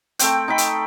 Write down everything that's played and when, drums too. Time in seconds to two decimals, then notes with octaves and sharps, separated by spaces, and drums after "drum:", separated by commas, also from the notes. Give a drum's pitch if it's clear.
0.19 A3 C4 G5, drum: hi-hat
0.48 D#4 A4 G5 B5
0.58 drum: hi-hat